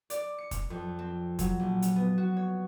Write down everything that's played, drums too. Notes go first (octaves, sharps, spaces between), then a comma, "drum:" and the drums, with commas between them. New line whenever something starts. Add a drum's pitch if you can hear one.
D5, drum: hi-hat
C#7
drum: kick, hi-hat
F2
C4
F#3, drum: kick, hi-hat
A#1
drum: hi-hat
B3
F#4
C#5